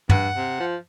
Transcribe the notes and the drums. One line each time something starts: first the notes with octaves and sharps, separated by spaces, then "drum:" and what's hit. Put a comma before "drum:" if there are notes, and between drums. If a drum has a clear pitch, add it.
G2 F#5, drum: tom
C3
F3